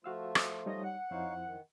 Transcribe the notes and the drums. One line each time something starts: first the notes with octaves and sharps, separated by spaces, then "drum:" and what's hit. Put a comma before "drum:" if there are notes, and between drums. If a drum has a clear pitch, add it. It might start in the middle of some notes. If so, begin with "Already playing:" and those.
F3 A3 F4 F#4 F5 E6
drum: rim click
G3 D#4 C#5 D#5
F#5
F2 D#4 E4 C5 C#5 F5
D#3